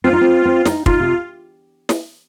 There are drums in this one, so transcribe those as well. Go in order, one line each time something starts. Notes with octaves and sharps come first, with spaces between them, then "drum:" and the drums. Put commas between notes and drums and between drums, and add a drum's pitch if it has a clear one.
C4 F4
D#4
C4
C4
D#4, drum: snare
D#4 F4, drum: kick
C3
drum: snare